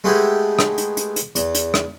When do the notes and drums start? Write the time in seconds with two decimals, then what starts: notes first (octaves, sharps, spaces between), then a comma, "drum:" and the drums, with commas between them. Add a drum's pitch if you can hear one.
0.04 G#3 A3 B3 E4 G4 G#4
0.59 drum: rim click
0.78 drum: hi-hat
0.97 drum: hi-hat
1.16 drum: hi-hat
1.35 E2, drum: hi-hat
1.55 drum: hi-hat
1.74 drum: rim click